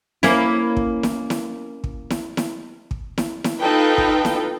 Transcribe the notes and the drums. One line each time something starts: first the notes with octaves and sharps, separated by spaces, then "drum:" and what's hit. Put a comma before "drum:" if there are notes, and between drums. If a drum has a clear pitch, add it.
A#3 C#4 E4, drum: snare E4
drum: kick
drum: snare E4
drum: snare E4
drum: kick
drum: snare E4
drum: snare E4
drum: kick
drum: snare E4
drum: snare E4
D#4 F4 A4 B4 G5
drum: kick
drum: snare E4